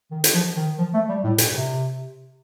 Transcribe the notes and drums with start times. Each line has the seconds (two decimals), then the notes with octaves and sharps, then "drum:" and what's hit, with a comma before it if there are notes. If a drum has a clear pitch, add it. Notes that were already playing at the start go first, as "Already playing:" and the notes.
0.11 D#3
0.24 drum: hi-hat
0.34 F3
0.56 D#3
0.78 F3
0.94 A3
1.09 G3
1.24 A2
1.38 A#2, drum: hi-hat
1.53 C3